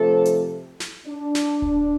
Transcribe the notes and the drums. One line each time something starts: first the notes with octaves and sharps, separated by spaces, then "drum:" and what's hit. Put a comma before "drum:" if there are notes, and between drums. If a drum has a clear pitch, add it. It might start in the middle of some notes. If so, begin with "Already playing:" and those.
Already playing: C3 F3 A3 C4 A4
drum: hi-hat
drum: snare
D4
drum: snare
drum: kick D#1